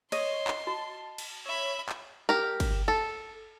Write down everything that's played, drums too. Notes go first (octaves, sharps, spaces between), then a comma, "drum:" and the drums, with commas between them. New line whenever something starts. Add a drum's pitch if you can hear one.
C#5 D#5 C6, drum: cymbal
drum: clap
F#4 A5
drum: cymbal
C#5 E5 B5
drum: clap
G4 A#4
drum: kick, cymbal
A4